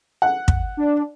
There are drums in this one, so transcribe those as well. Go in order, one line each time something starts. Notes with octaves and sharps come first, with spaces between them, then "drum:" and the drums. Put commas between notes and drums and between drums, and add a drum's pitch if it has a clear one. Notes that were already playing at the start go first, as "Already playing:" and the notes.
F#5
drum: kick
D4